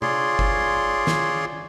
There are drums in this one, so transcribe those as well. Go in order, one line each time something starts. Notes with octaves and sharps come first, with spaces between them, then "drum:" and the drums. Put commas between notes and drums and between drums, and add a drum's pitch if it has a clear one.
F4 G#4 C#5 D5 C6, drum: tom C3
drum: kick F#1
drum: snare